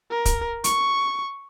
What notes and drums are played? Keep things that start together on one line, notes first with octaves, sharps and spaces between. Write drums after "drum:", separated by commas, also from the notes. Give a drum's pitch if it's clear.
A#4
drum: kick, hi-hat
C#6, drum: hi-hat